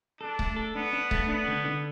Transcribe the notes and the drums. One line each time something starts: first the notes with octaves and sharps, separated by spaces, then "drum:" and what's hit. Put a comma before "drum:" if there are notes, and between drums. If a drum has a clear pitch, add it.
D4 A4
A3, drum: kick C#1
A4
B3 D4
D4
A3, drum: kick C#1
B3 D4
D3
D3